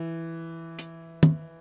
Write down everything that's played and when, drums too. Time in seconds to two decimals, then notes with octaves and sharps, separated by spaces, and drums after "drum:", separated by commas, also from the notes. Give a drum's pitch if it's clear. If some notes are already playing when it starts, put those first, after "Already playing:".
Already playing: E3
0.79 drum: hi-hat
1.23 drum: tom